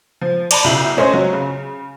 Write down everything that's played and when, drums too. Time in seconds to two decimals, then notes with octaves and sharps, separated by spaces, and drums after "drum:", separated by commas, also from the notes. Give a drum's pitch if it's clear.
0.21 F3
0.51 D5 A5 B5, drum: cymbal
0.64 B1 C#3 E4 G6 F#7
0.97 A3 C#4 C5 D#5
1.14 F#3
1.33 C#3